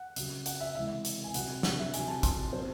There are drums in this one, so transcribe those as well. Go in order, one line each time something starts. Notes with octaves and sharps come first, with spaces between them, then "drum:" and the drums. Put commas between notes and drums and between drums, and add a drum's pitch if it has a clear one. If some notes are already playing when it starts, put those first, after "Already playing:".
Already playing: F#5
C#3 F#3, drum: hi-hat
F#5, drum: hi-hat
E5
C3 E3 G#3 E5
drum: hi-hat
G#5
C3 F#3 F#5, drum: hi-hat
F#5, drum: snare
E5
C3 F#3 G#5, drum: hi-hat
A5
C6, drum: kick, hi-hat
A5
C3 F#3 C5